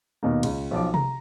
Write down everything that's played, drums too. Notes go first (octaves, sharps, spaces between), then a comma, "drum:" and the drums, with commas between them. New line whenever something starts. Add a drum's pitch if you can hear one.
D#2 B2 A#3
C#2, drum: cymbal
B1 F3 D6
A#5, drum: tom C3